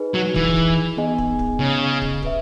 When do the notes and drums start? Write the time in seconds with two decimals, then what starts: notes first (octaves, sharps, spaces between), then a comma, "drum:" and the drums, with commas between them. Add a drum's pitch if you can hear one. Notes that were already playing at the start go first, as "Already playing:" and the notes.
Already playing: D#4 G#4 B4
0.14 F#3
0.35 E3, drum: kick
0.56 drum: kick
0.97 B3 D#4 G#4 D#5 G#5
1.18 drum: kick
1.39 drum: kick
1.60 C#3
2.02 drum: kick
2.23 G#4 B4 E5, drum: kick